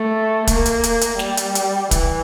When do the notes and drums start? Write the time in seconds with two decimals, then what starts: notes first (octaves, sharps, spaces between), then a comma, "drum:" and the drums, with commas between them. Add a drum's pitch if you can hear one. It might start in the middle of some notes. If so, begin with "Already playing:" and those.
Already playing: A3
0.47 A#3, drum: kick, hi-hat
0.66 drum: hi-hat
0.83 drum: hi-hat
1.01 drum: hi-hat
1.19 G3, drum: snare
1.37 drum: hi-hat
1.55 drum: hi-hat
1.91 E3, drum: kick, hi-hat